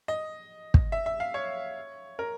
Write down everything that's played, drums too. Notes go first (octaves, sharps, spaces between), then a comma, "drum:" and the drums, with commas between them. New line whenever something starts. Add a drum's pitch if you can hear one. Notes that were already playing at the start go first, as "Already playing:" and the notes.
D#5
drum: kick
E5
E5
F5
C#5
A#4